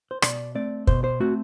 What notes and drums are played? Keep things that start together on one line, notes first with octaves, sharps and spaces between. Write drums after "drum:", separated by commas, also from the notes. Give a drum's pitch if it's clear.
C5
B2 D5, drum: rim click
A3 C4 D5
B2 C5, drum: kick
C5
A3 C4 F#4